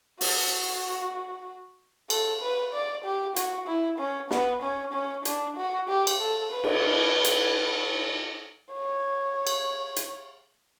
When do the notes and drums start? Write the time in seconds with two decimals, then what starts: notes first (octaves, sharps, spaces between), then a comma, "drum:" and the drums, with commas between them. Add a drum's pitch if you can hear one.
0.21 F#4, drum: open hi-hat
2.10 A4, drum: cymbal
2.42 B4
2.73 D5
3.05 G4
3.36 F#4, drum: hi-hat
3.68 E4
3.99 C#4
4.31 B3, drum: snare
4.63 C#4
4.94 C#4
5.25 D4, drum: hi-hat
5.57 F#4
5.89 G4
6.07 drum: cymbal
6.20 A4
6.52 B4
6.64 drum: cymbal
7.24 drum: hi-hat
8.73 C#5
9.47 drum: cymbal
9.96 drum: hi-hat